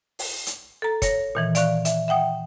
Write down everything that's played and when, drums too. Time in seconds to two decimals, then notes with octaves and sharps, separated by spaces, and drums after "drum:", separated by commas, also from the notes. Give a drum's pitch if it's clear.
0.19 drum: open hi-hat
0.47 drum: hi-hat
0.82 A4 A#5
1.02 C#5 A#6, drum: kick, hi-hat
1.35 A#2 D#3 E3
1.55 D5 F5 C#6 F#6, drum: hi-hat
1.85 E5, drum: hi-hat
2.08 E5 F#5 G5 D#6